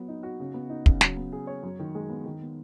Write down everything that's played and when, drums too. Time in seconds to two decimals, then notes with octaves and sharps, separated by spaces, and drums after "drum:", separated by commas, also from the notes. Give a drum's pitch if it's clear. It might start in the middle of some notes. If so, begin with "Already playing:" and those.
Already playing: F#3 B3
0.08 D#4
0.23 F#4
0.40 C#3
0.54 B3
0.70 D#4
0.86 C#3, drum: kick
1.01 F#3, drum: snare
1.17 B3
1.33 G#4
1.47 C#5
1.63 F#2
1.79 D#3
1.95 G#3
2.10 B3
2.26 D#3
2.41 B3